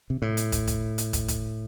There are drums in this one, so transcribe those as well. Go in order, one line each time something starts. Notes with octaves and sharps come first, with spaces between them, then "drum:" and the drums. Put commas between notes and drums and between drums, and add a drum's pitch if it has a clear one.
C3
A2
drum: hi-hat
drum: kick, hi-hat
drum: kick, hi-hat
drum: hi-hat
drum: kick, hi-hat
drum: kick, hi-hat